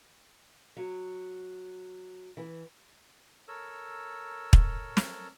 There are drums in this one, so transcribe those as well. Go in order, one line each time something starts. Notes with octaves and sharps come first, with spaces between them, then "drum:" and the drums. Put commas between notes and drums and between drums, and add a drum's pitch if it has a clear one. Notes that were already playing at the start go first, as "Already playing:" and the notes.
F#3
E3
A4 A#4 C#5 E6
drum: kick
drum: snare